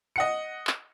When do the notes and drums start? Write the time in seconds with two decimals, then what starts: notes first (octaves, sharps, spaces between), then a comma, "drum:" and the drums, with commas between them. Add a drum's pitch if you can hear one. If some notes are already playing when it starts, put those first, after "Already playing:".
0.16 D#5 F#5 C#7
0.67 drum: clap